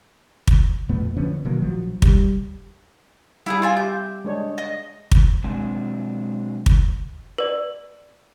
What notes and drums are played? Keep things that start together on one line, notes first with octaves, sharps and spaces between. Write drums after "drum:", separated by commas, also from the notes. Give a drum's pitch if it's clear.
drum: kick
F2 A#2 A3 B3
D3 F3 B3 C#4
B2 D#3 F#3 A#3
A#1 F3 F#3
G3, drum: kick
G3 E4 G4 G#4 F5
C4 F4 G#5
G4 E5 G6
G#3 D4 C#5
D#5
drum: kick
B2 F#3 G#3 C4 D4
drum: kick
B4 D5